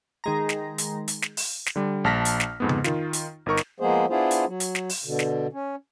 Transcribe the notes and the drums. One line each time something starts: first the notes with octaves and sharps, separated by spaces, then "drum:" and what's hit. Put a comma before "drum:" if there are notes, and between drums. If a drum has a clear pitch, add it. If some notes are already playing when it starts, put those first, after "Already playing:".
D#3 G#3 A#5
drum: snare
drum: hi-hat
drum: hi-hat
drum: snare
drum: open hi-hat
drum: snare
D3 G3
A#1 A5 F6 A#6 B6
drum: hi-hat
drum: snare
F2 G#2 B3
drum: tom C#3
D#3 F4, drum: snare
drum: hi-hat
G1 D#4 A#4 C#6
drum: snare
F3 G#3 A#3 B3 G#4 C5
B3 D4 E4 F4 G#4 C5
drum: hi-hat
F#3
drum: hi-hat
drum: snare
drum: open hi-hat
B2 D3
drum: snare
C#4